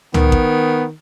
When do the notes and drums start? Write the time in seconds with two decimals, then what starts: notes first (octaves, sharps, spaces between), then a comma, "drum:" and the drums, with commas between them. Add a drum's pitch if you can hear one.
0.14 D#3 B3, drum: tom
0.32 drum: kick A1